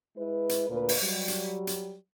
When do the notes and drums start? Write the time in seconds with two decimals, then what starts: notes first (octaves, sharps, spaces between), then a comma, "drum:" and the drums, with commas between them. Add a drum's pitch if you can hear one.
0.16 G#3 E4 B4
0.49 drum: hi-hat
0.69 D2 A#2 A#4 B4
0.89 drum: open hi-hat
1.01 F#3 G3
1.28 drum: hi-hat
1.67 drum: hi-hat